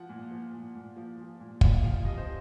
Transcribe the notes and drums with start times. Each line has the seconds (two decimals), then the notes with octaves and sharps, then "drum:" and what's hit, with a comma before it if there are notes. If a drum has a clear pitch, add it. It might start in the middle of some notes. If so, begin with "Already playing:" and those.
Already playing: F3 F#5
0.09 A#2
0.31 F3
0.53 A#2
0.75 A#2
0.96 F3
1.18 F3
1.40 A#2
1.61 F3 F5, drum: kick
1.84 F3 F5
2.05 C3 D#5
2.18 C5